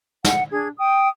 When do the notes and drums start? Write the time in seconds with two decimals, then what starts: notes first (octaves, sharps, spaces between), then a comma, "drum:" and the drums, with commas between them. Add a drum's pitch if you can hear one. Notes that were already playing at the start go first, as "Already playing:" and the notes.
0.25 F#5, drum: snare
0.51 D4 G#4 G#6
0.77 G5 D#6